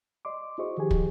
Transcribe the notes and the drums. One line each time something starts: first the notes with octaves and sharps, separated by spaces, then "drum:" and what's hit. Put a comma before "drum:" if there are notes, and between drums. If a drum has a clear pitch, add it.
D5 D#5 C6 D6
E4 F#4 G#4 C5 D#5 C#6
D#3 F3 G4 G#4 G#5
drum: kick